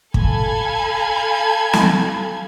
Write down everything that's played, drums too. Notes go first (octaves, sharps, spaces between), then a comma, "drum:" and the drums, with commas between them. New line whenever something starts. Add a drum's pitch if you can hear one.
A4 F5 G#5 A5 B5 G#6, drum: kick
drum: snare